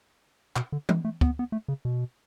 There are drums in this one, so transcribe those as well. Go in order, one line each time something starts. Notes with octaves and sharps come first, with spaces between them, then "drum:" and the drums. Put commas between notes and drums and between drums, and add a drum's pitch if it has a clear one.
B2, drum: clap
D3
G#3, drum: tom E3
A3
B3, drum: kick
B3
A3
C#3
B2